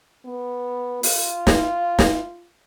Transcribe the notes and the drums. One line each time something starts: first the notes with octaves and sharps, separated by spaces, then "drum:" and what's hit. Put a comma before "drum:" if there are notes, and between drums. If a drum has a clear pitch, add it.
B3
F4, drum: open hi-hat
drum: snare
drum: snare